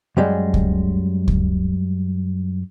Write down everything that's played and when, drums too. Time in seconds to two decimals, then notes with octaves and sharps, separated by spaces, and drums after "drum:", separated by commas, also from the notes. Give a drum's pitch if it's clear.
0.17 F#2 G3 G#3
0.54 drum: kick C#2
1.28 drum: kick C#2